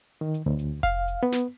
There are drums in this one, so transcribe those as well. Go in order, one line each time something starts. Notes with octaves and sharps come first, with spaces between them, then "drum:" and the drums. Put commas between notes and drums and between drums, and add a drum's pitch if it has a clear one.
D#3
drum: hi-hat
D2
drum: hi-hat
F5, drum: kick F1, hi-hat
drum: hi-hat
B3
drum: snare